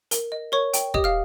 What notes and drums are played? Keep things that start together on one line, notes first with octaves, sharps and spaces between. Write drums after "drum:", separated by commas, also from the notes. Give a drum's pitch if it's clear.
A#4, drum: hi-hat
D#5
A#4 C#5 C#6
G5, drum: hi-hat
G4 D#5 D#6, drum: kick
F5 F6